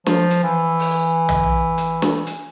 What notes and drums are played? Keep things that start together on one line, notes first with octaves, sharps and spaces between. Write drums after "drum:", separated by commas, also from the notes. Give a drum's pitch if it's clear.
F3, drum: snare
drum: hi-hat
E3
drum: open hi-hat
drum: tom
drum: hi-hat
drum: snare
drum: hi-hat